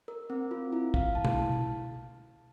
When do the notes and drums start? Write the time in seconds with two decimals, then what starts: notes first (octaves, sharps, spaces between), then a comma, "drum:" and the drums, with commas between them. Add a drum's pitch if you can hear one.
0.08 A#4
0.30 C4
0.51 F4
0.73 E4
0.94 F5, drum: kick
1.15 A5
1.25 drum: tom B2